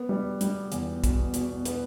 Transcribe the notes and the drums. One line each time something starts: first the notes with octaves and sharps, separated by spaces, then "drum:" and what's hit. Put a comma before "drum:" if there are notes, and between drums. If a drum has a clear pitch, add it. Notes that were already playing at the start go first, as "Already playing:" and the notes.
Already playing: B3
G3
G3, drum: hi-hat
E2, drum: hi-hat
B2, drum: kick, hi-hat
B2, drum: hi-hat
B3, drum: hi-hat